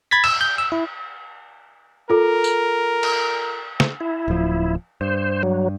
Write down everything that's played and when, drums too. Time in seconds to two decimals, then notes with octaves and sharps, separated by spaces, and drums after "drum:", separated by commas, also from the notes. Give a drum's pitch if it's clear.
0.11 B5 G#6 A6 B6
0.24 E6, drum: cymbal
0.41 G6
0.58 E6
0.72 E4
2.10 F4 A4 A#4
2.44 drum: tambourine
3.03 drum: cymbal
3.80 drum: snare
4.00 E4
4.28 D1 F3
5.01 G2 C5
5.43 F#3